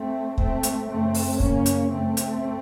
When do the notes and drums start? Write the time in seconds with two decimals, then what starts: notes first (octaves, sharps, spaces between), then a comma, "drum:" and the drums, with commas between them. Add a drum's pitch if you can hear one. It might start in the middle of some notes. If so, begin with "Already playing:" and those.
Already playing: A3 C4
0.38 A2 A3 C4, drum: kick
0.63 drum: hi-hat
0.89 F#2 C#3 A3 C4
1.14 drum: open hi-hat
1.40 F#2 C#3 A#3 C#4, drum: kick
1.66 drum: hi-hat
1.92 F#2 C#3 A3 C4
2.17 drum: hi-hat